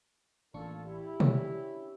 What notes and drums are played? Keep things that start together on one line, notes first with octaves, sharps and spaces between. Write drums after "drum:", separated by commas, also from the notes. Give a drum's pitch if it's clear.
A1 A#3 D4 F4 A4 C#6
E4 G4
C#4 D4 C#5, drum: tom B2